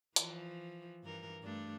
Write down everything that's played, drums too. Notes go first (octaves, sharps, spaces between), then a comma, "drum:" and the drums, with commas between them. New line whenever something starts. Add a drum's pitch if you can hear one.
E3 F3, drum: hi-hat
G2 E3 A#4
G2 A3 D4